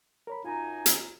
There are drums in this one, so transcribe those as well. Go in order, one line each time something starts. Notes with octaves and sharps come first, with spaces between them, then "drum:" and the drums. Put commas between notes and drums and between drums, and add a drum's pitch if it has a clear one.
A#4 C#5 B5
F#2 D#4 F4 G#5 A#5
drum: hi-hat